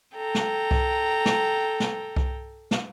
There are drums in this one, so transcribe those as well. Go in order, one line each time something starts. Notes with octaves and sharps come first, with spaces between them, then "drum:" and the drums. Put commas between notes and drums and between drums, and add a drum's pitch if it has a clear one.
A4 G5 A#5
drum: snare
drum: kick C2
drum: snare
drum: snare
drum: kick C2
drum: snare